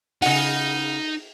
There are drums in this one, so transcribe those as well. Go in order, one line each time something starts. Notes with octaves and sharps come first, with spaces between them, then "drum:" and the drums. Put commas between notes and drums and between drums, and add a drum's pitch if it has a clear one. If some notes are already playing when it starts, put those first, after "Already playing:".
C#3 D#4 F#5, drum: open hi-hat